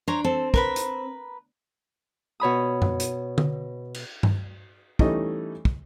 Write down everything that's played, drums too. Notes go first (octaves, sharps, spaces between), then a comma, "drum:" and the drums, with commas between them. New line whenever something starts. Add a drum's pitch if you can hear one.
D4 C5 C#5 A#5
C4 A4
A#4 B4 B5, drum: kick
drum: hi-hat
B2 C#5 B5 D#6
drum: tom F#2
drum: hi-hat
drum: tom
drum: cymbal
drum: tom G2
E3 G3 A3 C#4 D#4 D#5, drum: kick
drum: kick